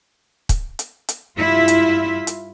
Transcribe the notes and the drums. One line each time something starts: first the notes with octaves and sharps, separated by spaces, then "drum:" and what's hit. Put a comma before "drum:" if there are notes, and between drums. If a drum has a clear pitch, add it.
drum: kick, hi-hat
drum: hi-hat
drum: hi-hat
G2 E4 F4 E5
drum: hi-hat
drum: hi-hat